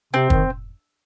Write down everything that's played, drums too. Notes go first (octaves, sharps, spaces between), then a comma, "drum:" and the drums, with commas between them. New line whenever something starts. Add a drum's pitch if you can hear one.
C3 C4
D#3, drum: kick